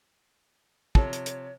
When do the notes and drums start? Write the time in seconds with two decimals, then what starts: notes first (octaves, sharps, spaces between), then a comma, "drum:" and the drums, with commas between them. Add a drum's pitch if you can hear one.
0.95 C3 F3 A4 C#5, drum: kick
1.13 drum: hi-hat
1.26 drum: hi-hat